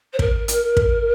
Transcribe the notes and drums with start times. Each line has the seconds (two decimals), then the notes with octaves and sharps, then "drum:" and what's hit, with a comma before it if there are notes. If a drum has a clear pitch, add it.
0.13 C5
0.19 A#4, drum: kick
0.48 drum: hi-hat
0.77 drum: kick